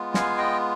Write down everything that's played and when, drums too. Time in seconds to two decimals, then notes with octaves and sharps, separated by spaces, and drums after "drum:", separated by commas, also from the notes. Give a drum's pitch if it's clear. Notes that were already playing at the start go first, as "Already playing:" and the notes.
Already playing: G#3 B3 F4
0.14 F5 G#5, drum: snare
0.38 D#5 G5